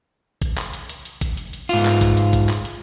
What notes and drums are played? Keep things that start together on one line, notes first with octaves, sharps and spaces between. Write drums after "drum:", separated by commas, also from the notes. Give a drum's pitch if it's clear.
drum: kick A1, hi-hat
drum: clap
drum: hi-hat
drum: hi-hat
drum: hi-hat
drum: kick A1, hi-hat
drum: hi-hat
drum: hi-hat
G#2 F4, drum: open hi-hat
drum: clap
drum: kick A1, hi-hat
drum: hi-hat
drum: kick A1, hi-hat
drum: clap
drum: hi-hat